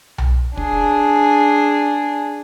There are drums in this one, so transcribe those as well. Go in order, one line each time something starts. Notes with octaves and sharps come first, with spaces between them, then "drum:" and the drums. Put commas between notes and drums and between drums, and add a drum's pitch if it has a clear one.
drum: tom B1
D4 G#4, drum: kick